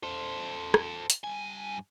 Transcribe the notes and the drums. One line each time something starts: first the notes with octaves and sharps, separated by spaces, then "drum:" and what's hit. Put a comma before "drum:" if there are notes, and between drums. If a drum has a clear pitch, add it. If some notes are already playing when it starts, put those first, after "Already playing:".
A4 C5
drum: rim click
drum: hi-hat
G2 G#5